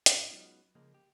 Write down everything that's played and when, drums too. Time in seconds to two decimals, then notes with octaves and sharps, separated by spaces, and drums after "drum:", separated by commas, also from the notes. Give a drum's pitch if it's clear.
0.06 G#2 F3 C#4, drum: hi-hat
0.31 F#3 G#3 B3 C#4 D#4 F4
0.75 C#3 F3 G#3 A#3
0.94 G4